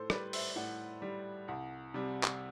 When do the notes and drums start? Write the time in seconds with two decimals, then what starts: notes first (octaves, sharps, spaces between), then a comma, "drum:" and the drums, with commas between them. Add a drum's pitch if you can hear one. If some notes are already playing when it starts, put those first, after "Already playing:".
Already playing: A2 A4 C5
0.10 G3 B4 D5, drum: rim click
0.33 C5 E5, drum: open hi-hat
0.56 A2 D5 F#5
1.02 G3
1.48 C2
1.94 C3 G3
2.23 drum: clap